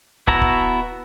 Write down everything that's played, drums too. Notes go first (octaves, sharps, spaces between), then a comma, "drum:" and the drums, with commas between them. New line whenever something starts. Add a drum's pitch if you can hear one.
B3 E4 F#4 A5 A#5, drum: kick
drum: kick